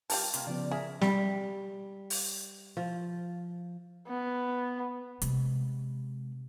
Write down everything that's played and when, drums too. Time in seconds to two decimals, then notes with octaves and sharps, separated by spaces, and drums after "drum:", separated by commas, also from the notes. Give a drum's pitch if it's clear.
0.10 G3 F4 G4 A#4 A5, drum: open hi-hat
0.34 C3 A#3, drum: hi-hat
0.47 C#3 F3 B3 D5
0.71 G#4 A#4 E5
1.01 G3, drum: snare
2.10 drum: open hi-hat
2.77 F3
4.08 B3
5.22 C3 G#3, drum: hi-hat